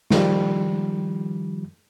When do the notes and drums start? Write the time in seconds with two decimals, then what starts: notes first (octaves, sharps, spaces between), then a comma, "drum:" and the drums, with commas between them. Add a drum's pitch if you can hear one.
0.10 D#3 F3 G3, drum: snare